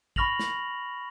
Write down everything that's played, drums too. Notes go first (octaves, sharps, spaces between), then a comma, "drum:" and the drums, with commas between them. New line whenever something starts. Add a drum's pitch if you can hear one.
B5 C#6 F6 A#6 F7 F#7, drum: kick
drum: snare